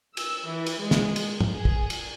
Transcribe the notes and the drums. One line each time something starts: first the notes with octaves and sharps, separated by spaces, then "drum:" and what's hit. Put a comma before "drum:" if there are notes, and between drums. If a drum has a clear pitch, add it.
E6, drum: cymbal
E3
drum: cymbal
G#3
drum: snare
drum: cymbal
drum: tom
G#4
drum: kick
drum: cymbal